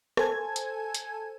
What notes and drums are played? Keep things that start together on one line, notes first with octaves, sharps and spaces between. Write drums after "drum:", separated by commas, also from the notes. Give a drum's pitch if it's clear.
A4 C5 G#5 A5 G#6, drum: rim click
drum: hi-hat
drum: hi-hat